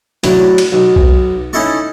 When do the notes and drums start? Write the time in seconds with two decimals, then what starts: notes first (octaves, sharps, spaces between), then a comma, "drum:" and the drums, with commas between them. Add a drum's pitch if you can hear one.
0.24 F#2 A2 D4 B5, drum: hi-hat
0.58 drum: cymbal
0.72 B1
0.96 drum: kick B1
1.53 C#4 D#4 E4 A4 A5 C#6